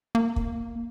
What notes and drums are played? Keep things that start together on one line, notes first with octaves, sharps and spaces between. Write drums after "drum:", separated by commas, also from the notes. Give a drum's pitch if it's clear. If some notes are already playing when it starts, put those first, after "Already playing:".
A#3
drum: kick